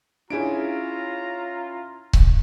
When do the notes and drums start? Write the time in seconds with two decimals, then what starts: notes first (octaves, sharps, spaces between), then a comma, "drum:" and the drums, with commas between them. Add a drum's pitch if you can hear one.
0.30 C#4 D4 E4 F4 G#4 A#5 D7
2.13 drum: kick C#1